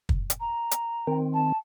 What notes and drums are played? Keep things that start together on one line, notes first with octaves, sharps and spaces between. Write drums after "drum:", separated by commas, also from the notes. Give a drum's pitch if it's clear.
drum: kick
drum: hi-hat
A#5
drum: hi-hat
D#3 C4
A5